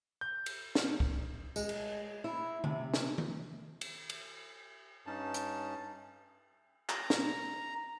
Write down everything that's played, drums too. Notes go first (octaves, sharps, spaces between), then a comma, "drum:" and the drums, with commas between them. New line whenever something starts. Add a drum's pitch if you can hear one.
G6
drum: cymbal
drum: snare
drum: kick
G#3, drum: tambourine
drum: cymbal
E4
C3, drum: tom D3
drum: snare
drum: tom D#3
drum: cymbal
drum: cymbal
G2 C#4 D#4 A5
drum: hi-hat
A#5, drum: clap
drum: snare